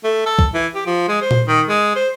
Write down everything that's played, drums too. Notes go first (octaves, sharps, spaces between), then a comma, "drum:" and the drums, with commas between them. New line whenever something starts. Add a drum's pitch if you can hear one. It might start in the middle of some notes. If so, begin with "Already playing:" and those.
A3
A4
drum: kick
E3
G4
F3
G#3
C5
drum: tom A#2
D#3
G#3
C5